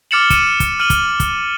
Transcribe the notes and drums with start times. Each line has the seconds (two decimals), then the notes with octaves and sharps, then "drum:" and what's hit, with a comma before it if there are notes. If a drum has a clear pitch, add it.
0.11 D6 F6 A6 C#7 E7 F#7
0.30 C#7 D#7 E7, drum: kick, hi-hat
0.60 drum: kick, hi-hat
0.80 F6 D#7 F#7
0.90 drum: kick, hi-hat
1.20 drum: kick, hi-hat